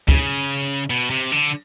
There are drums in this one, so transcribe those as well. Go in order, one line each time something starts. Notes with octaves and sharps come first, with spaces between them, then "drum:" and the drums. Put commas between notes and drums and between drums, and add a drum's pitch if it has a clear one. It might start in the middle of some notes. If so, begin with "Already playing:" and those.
C#3, drum: kick
B2
C3
D3